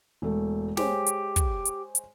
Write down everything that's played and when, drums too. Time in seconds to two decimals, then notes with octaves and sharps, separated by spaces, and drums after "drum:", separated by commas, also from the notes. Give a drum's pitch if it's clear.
0.22 E1 A3
0.77 G#3 G4 C5 C#5, drum: snare
1.07 drum: hi-hat
1.36 drum: kick, hi-hat
1.65 drum: hi-hat
1.95 drum: hi-hat